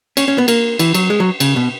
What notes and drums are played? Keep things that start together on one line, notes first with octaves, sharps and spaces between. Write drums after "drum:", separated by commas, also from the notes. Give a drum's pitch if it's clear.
C#4, drum: cymbal
C#4
B3
A#3, drum: cymbal
E3, drum: cymbal
F#3, drum: cymbal
G#3
F#3
C#3, drum: cymbal
B2